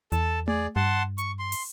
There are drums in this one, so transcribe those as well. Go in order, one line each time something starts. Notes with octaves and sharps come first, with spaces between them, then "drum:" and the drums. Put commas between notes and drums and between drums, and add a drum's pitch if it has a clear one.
E2 A4 A5, drum: hi-hat
G#4 D5, drum: tom A3
G2 F#5 A5 C6
C#6, drum: hi-hat
C6
drum: open hi-hat